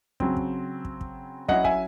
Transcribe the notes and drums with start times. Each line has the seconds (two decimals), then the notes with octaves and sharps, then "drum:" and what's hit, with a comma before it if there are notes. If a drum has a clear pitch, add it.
0.20 C#3 F#3 C4, drum: kick
0.37 drum: kick
0.85 drum: kick
1.01 drum: kick
1.48 F#3 C#4 E4 D#5 F#5, drum: kick
1.64 E5 G#5, drum: kick